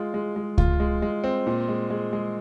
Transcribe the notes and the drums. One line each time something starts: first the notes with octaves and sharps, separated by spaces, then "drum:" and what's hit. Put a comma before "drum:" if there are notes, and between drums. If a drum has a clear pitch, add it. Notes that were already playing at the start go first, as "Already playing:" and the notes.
Already playing: G#3 F4
G#3
G#3
F4, drum: kick C#2
G#3
G#3
C4
A#2
G#3
G#3
G#3